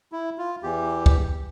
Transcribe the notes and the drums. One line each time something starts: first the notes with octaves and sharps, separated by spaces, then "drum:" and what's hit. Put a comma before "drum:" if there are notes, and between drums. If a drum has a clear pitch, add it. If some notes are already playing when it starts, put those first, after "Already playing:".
E4
F4
E2 E3 G4
drum: kick D2